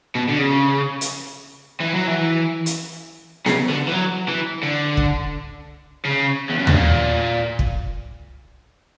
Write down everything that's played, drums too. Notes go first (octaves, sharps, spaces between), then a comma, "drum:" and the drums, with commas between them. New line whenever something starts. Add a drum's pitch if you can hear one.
B2
D3
C#3
drum: hi-hat
E3
F#3
E3
drum: hi-hat
C#3, drum: snare B3
D3
E3
F#3
E3
D3
drum: kick
C#3
E2
F#2
G2, drum: tom D#2
A#2
drum: kick